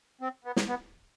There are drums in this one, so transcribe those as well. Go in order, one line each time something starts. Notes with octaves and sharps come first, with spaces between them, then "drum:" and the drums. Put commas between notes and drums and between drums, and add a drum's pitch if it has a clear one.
C4
B3
drum: snare
B3